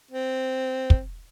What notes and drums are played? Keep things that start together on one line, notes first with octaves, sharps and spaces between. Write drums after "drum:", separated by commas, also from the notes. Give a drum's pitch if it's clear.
C4
drum: kick